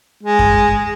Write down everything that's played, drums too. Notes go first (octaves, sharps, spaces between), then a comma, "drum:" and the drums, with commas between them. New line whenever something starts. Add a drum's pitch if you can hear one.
G#3
drum: kick F#2